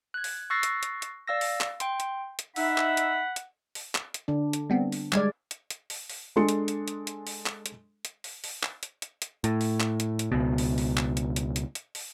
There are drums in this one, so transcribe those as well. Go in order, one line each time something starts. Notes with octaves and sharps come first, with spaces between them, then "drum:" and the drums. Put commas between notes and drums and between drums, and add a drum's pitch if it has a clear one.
F#6 G#6
drum: open hi-hat
C#6 E6 F#6 A6 A#6 C7
drum: hi-hat
drum: hi-hat
drum: hi-hat
D5 F5 E6 A#6
drum: open hi-hat
drum: clap
G5 C6, drum: hi-hat
drum: hi-hat
drum: hi-hat
D#4 E5 F#5 B5, drum: open hi-hat
drum: clap
drum: hi-hat
drum: hi-hat
drum: open hi-hat
drum: clap
drum: hi-hat
D3 D4
drum: hi-hat
G3 B3 C4
drum: open hi-hat
G3 G#3 D5 F6 G#6, drum: clap
drum: hi-hat
drum: hi-hat
drum: open hi-hat
drum: open hi-hat
G#3 D4 A4 C6 C#7
drum: hi-hat
drum: hi-hat
drum: hi-hat
drum: hi-hat
drum: open hi-hat
drum: clap
drum: hi-hat
drum: hi-hat
drum: open hi-hat
drum: open hi-hat
drum: clap
drum: hi-hat
drum: hi-hat
drum: hi-hat
A2, drum: hi-hat
drum: open hi-hat
drum: clap
drum: hi-hat
drum: hi-hat
C#2 B2
drum: open hi-hat
drum: open hi-hat
drum: clap
drum: hi-hat
drum: hi-hat
drum: hi-hat
drum: hi-hat
drum: open hi-hat